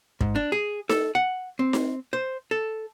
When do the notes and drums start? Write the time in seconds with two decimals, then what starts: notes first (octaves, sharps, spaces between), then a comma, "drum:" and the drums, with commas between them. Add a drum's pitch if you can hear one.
0.21 G#2, drum: kick
0.36 D4
0.52 G#4
0.89 A4, drum: snare D#4
1.15 F#5
1.59 C4
1.73 drum: snare D#4
2.13 C5
2.51 A4